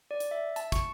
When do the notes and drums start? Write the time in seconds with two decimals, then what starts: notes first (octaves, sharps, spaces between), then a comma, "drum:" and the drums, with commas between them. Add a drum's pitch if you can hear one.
0.11 D5
0.20 drum: hi-hat
0.31 E5
0.56 A5, drum: hi-hat
0.72 C#6, drum: kick, hi-hat